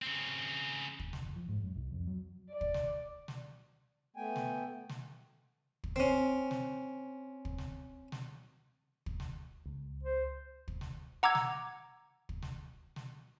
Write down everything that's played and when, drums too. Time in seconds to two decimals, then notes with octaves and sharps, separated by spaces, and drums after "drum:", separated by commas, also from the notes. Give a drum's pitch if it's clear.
0.02 C#3 C4
0.99 drum: kick
1.13 drum: snare
1.23 F#1
1.36 F3
1.49 G#2
1.63 F#2
1.76 C2
1.91 F2
2.07 F#3
2.51 D5
2.61 drum: kick
2.74 drum: snare
3.28 drum: snare
4.16 A3 B3 G5 G#5
4.36 drum: snare
4.89 drum: snare
5.84 drum: kick
5.96 C4 C#4, drum: snare
6.51 drum: snare
7.45 drum: kick
7.58 drum: snare
8.12 drum: snare
9.06 drum: kick
9.20 drum: snare
9.66 C#2
10.03 C5
10.68 drum: kick
10.81 drum: snare
11.23 F#5 A#5 D6 E6 G#6
11.35 drum: snare
12.29 drum: kick
12.42 drum: snare
12.96 drum: snare